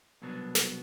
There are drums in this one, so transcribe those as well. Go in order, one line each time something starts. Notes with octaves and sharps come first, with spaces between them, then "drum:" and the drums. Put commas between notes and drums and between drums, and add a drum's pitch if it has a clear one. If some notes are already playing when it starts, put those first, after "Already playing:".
C2 B2 F#3 B3 D4
drum: snare